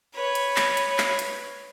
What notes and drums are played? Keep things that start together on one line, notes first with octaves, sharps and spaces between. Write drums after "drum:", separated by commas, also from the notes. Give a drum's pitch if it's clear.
B4 C#5
drum: hi-hat
drum: clap
drum: hi-hat
drum: clap
drum: hi-hat